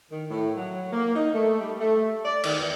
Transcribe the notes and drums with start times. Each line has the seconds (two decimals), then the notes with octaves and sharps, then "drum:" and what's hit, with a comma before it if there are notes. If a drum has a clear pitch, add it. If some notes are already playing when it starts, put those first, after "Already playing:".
0.11 D#3
0.31 A2
0.56 F#3
0.93 A#3
1.15 D#4
1.34 A3
1.59 G3
1.81 A3
2.25 D5
2.43 D#3, drum: cymbal
2.57 E2